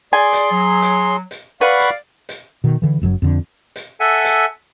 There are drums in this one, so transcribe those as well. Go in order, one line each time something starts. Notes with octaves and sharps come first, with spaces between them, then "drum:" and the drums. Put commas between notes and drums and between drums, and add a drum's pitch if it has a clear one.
G#4 D5 G#5 C6
drum: hi-hat
F#3
drum: hi-hat
drum: hi-hat
B4 D5 F5 F#5 B5 C#6
drum: hi-hat
drum: hi-hat
B2 D#3
D3 E3
F#1 F#2 C#3 F#3
F2 D3
drum: hi-hat
A4 E5 F#5 G#5
drum: hi-hat